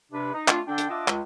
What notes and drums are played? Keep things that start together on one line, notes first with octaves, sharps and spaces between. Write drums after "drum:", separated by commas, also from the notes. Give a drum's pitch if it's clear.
C3 D4 B4
D#4
A3 C4 D4 F4, drum: clap
D3 D4 G5
drum: hi-hat
D4 F4 D#5 E5 F#5 D6
C#2, drum: clap